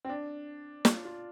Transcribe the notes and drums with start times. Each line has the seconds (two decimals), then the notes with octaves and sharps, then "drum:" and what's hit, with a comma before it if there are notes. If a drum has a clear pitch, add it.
0.05 C4
0.09 D4
0.85 F4, drum: snare
1.05 F4